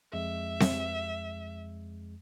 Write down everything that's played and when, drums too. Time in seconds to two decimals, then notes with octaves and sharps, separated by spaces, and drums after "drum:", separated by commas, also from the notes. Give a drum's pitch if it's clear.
0.14 F2 G#3 E5
0.60 drum: snare C4